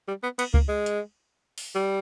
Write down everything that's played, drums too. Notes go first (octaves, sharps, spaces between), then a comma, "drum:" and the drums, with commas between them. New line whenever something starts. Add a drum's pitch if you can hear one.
G3
B3
B3, drum: cymbal
A#3, drum: kick C#2
G#3
drum: hi-hat
drum: open hi-hat
G3